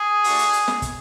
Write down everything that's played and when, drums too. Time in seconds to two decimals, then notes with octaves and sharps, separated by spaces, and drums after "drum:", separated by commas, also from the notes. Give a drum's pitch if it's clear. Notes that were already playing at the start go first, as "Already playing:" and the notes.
Already playing: G#4
0.24 A3 D4 F#4, drum: open hi-hat
0.39 drum: hi-hat
0.53 drum: hi-hat
0.68 drum: snare
0.82 drum: kick, hi-hat